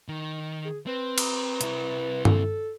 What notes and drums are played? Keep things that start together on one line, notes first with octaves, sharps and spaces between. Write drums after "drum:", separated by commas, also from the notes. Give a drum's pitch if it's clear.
D#3
G#4
C4 B4
drum: cymbal
C3 E4, drum: hi-hat
A4, drum: tom G2